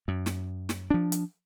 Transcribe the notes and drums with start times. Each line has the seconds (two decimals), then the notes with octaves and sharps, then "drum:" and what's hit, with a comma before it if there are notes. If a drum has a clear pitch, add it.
0.08 F#2
0.26 drum: snare
0.69 drum: snare
0.90 F3 D4
1.12 drum: hi-hat